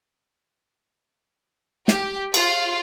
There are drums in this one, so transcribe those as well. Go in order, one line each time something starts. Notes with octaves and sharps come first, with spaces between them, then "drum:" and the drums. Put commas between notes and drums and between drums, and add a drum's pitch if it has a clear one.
G4, drum: snare
F4, drum: cymbal